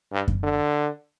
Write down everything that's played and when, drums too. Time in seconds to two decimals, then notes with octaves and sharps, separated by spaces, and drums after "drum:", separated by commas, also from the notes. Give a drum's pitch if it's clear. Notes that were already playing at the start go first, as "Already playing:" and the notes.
0.12 G2
0.28 drum: kick F#2
0.43 D3